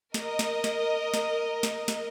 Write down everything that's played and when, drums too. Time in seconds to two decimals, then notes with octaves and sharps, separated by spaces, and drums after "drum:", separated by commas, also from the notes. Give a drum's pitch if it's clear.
0.14 A#4 D#5, drum: snare
0.39 drum: snare
0.64 drum: snare
1.14 drum: snare
1.63 drum: snare
1.88 drum: snare